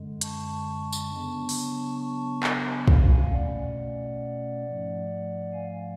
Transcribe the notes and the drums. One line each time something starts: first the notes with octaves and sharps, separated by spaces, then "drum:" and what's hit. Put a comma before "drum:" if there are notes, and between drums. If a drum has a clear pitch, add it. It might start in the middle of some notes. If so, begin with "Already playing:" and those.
Already playing: F#2 D3 G#3
A5 C#6, drum: hi-hat
drum: tambourine
C#3 F#3 B3 D4
drum: open hi-hat
A5 C#6
G#5 B5, drum: clap
B2 A3 C#4 F5 G#5, drum: kick
D5 F#5
G#2 F3 A3
F5 G#5